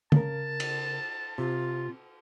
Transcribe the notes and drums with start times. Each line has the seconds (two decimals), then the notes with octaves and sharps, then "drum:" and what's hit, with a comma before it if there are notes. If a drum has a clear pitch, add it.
0.12 C#3 A#4 A5, drum: tom
0.60 drum: cymbal
1.38 C3 C4 F4